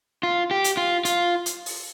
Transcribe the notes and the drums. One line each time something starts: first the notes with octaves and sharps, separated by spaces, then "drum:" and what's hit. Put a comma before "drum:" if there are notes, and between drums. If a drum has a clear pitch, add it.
F4
G4
drum: hi-hat
F4
F4, drum: hi-hat
drum: hi-hat
drum: open hi-hat